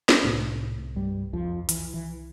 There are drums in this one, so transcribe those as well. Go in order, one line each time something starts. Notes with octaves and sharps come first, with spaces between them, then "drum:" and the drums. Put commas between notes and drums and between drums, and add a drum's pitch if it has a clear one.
drum: snare
C2 A2 C3 A3
G2 G3
F2 F3
E3, drum: hi-hat
E3